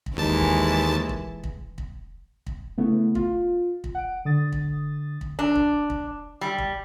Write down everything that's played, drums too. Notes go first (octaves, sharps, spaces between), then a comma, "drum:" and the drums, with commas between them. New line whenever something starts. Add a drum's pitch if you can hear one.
drum: kick
D#2 E3 G#3 A5
drum: kick
drum: kick
drum: kick
drum: kick
drum: kick
C#3 A3 B3 E4
F4, drum: kick
drum: kick
F#5 D7
D3 D#6 A6
drum: kick
drum: kick
D4
drum: kick
drum: kick
G3
drum: kick